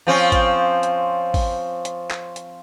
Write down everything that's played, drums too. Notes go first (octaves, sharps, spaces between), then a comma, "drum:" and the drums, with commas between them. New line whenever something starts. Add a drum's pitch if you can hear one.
F3 C4 C#4
drum: kick, hi-hat
drum: hi-hat
drum: kick, open hi-hat
drum: hi-hat
drum: clap
drum: hi-hat